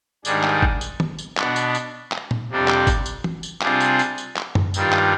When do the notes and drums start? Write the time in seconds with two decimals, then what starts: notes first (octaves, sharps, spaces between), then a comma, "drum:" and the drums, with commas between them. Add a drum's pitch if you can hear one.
0.25 G#2 D#3 G3 D4 G#4, drum: tambourine
0.44 drum: clap
0.62 drum: kick G1
0.81 drum: tambourine
1.00 drum: tom D#3
1.19 drum: tambourine
1.38 B2 B3 D4, drum: clap
1.56 drum: tambourine
1.75 drum: tambourine
2.12 drum: clap
2.31 drum: tom A#2
2.50 F2 C3 G3 D4 G4
2.68 drum: clap
2.87 drum: kick G1, tambourine
3.06 drum: tambourine
3.24 drum: tom E3
3.43 drum: tambourine
3.62 C3 G3 D4 F4 G#4, drum: clap
3.81 drum: tambourine
3.99 drum: tambourine
4.18 drum: tambourine
4.37 drum: clap
4.55 drum: tom F#2
4.74 G2 D#3 G3 D4 F4, drum: tambourine
4.93 drum: clap